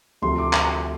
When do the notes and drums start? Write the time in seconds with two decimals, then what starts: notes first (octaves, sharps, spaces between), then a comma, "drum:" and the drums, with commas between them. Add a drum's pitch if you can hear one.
0.22 D2 C3 F3 A3 C6
0.38 D6
0.53 drum: clap